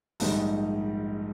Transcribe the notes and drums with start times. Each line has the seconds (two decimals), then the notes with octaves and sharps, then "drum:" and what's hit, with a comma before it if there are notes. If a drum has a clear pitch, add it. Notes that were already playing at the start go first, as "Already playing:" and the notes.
0.20 A#1 G#2 D#3 G3, drum: open hi-hat